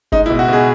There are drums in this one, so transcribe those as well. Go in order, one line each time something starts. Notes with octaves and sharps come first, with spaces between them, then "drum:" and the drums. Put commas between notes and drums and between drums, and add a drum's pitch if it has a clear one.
G#3 D#4, drum: kick F#1
E4
B2
F#4
B2 G#4